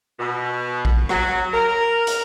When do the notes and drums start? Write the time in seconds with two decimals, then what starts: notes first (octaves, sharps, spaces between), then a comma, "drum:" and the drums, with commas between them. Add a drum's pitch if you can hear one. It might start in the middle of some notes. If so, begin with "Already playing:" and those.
0.18 B2
0.85 drum: kick A#1
1.09 F#3, drum: rim click
1.52 A#4
2.07 drum: hi-hat